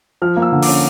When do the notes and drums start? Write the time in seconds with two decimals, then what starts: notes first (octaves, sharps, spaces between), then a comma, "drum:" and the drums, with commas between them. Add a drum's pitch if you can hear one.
0.22 F3 F6
0.36 A#3
0.42 E6
0.52 D3
0.63 D6, drum: open hi-hat
0.68 C#4